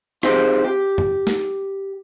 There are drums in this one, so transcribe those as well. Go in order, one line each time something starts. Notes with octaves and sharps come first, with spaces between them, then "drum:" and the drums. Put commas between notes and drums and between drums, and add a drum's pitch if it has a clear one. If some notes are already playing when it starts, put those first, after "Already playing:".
C4 D#4 F4 G4 G#4 C5, drum: rim click
G4
drum: tom
drum: snare